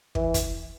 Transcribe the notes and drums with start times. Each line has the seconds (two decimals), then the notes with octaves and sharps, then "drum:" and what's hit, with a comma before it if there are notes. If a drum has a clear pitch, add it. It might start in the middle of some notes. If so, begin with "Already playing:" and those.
0.15 E3, drum: kick
0.34 drum: kick, hi-hat